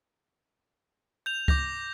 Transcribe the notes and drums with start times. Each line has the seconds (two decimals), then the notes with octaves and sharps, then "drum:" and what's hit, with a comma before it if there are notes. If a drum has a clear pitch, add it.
1.26 G6 F7
1.48 D6 G6 A#6, drum: kick C#2